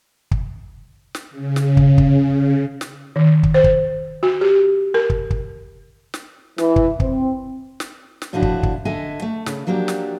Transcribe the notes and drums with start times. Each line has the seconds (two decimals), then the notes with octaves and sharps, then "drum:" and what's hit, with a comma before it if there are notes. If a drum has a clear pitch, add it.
0.31 drum: kick
1.15 drum: snare
1.30 C#3
1.56 drum: snare
1.77 drum: kick
1.98 drum: kick
2.81 drum: snare
3.16 D#3
3.43 drum: kick
3.54 C5
3.64 drum: kick
4.23 F#4
4.41 G4
4.94 A#4
5.10 drum: kick
5.30 drum: kick
6.14 drum: snare
6.58 E3, drum: snare
6.76 drum: kick
7.00 C4, drum: kick
7.80 drum: snare
8.22 drum: snare
8.33 A2 D3 F3 D4 E4 F#4
8.42 drum: kick
8.63 drum: kick
8.85 D3 A4 D#5 E5 G#5
9.22 A3
9.46 C#3, drum: snare
9.67 F3 F#3 A#3 D4 G4
9.88 drum: snare